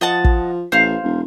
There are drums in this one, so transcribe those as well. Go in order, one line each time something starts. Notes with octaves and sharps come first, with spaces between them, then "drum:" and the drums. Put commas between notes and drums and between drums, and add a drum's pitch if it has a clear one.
F3 D#5 F#5 A5
drum: kick
A1 C5 F5
E1